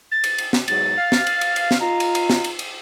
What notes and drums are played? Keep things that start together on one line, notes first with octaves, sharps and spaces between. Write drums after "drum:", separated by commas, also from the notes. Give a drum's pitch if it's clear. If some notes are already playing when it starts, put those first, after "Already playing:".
A6
drum: cymbal
drum: cymbal
drum: snare
E2 G#2 F#3 A6, drum: cymbal
F5
drum: snare
drum: cymbal
drum: cymbal
drum: cymbal
drum: snare
D#4 F4 A#5
drum: cymbal
drum: cymbal
drum: snare
drum: cymbal
drum: cymbal